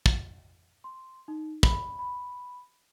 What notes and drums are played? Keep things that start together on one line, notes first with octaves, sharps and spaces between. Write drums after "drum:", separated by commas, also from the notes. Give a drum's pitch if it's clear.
drum: kick
C6
D#4
B5, drum: kick
B5